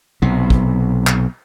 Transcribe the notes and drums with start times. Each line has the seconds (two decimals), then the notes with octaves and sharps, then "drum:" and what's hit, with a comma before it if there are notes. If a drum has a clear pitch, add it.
0.22 B1 C3
0.50 drum: kick
1.07 drum: clap